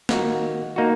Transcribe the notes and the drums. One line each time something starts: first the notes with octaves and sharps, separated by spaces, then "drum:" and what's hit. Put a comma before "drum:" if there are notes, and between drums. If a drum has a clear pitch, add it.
D#3 A#3 D#4 F#4, drum: snare
A#3 D#4 F#4